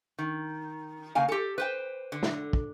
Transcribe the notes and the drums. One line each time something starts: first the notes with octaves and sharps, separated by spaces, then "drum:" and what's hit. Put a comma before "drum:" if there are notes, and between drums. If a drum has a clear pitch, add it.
D#3
C#3 A#3 F5 G#5
G4 A4
B4 C5 G5
D3
drum: snare
drum: kick